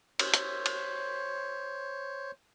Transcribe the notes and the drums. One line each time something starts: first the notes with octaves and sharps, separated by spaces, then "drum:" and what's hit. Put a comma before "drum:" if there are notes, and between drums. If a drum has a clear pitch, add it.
C5 C#5, drum: cymbal
drum: hi-hat
drum: cymbal